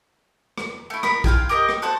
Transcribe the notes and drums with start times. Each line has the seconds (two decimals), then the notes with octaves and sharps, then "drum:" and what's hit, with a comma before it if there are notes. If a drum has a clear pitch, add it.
0.58 drum: rim click
0.90 A3 E4
1.03 A#4 B5, drum: rim click
1.24 F4 F5 G5 G#5, drum: kick A#1
1.49 G4 A#4 D#5
1.69 drum: rim click
1.82 F#4 A4 C5 F#5